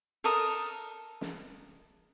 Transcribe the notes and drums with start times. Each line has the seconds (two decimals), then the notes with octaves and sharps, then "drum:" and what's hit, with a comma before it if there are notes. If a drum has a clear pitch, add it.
0.24 A4 A#4 D#6, drum: open hi-hat
1.21 drum: snare